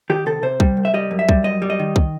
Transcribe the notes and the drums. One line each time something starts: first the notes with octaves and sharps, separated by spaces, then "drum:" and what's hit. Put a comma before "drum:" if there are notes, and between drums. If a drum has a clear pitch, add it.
D#3 G4
C3 A4
C3 C5
G3, drum: kick
C2
E5
G3 D#5
F#2
E5
G3, drum: kick
F#2 D#5
G3
D#5
D#3
drum: kick